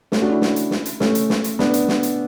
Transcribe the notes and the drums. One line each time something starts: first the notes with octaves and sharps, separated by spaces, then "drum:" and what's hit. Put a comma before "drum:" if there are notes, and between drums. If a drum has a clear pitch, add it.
A3 C#4, drum: snare
D4 F#4
C#4 E4
drum: snare
drum: hi-hat
drum: snare
drum: hi-hat
A3 C#4, drum: snare
drum: hi-hat
drum: snare
drum: hi-hat
B3 D4, drum: snare
drum: hi-hat
drum: snare
drum: hi-hat